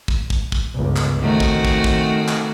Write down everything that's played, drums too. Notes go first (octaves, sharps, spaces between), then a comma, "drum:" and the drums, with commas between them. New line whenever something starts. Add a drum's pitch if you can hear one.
drum: kick
drum: kick
drum: kick
G1 C#2
drum: clap
D#3 A3 C4 F#4
drum: kick
D#3, drum: kick
drum: kick
drum: clap